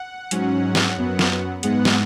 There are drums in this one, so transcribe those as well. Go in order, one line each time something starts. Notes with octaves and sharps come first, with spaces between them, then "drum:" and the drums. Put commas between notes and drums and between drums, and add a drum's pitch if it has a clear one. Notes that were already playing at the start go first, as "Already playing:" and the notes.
Already playing: F#5
G#2 F#3 C#4, drum: hi-hat
drum: snare
F#2 F#3 B3
drum: snare
G#2 G#3 B3 F#5, drum: hi-hat
drum: snare